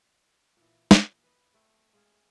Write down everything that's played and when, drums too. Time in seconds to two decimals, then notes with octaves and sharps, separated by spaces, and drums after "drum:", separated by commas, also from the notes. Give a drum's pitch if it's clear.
0.57 A#2 E3
0.91 drum: snare
1.24 B4 D#5
1.54 A3 C4
1.93 G#3 A3 G#4 F5